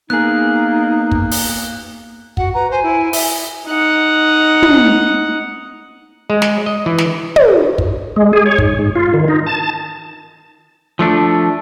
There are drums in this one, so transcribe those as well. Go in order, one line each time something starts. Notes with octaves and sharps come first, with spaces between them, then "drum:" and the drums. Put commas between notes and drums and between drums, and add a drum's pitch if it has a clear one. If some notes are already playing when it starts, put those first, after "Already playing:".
A#3 B3 D#4 G#4 F#6
drum: kick
drum: open hi-hat
F#4 F#5, drum: kick
B4 A#5
C5 G#5
E4
E5, drum: open hi-hat
D#4 F#5
drum: tom
G#3
drum: snare
D#5
E3
drum: snare
drum: tom
drum: kick
G#3
G#4
C#5
G#2, drum: kick
G#2
F4
D#3
D#4
A5
F3 A3 D4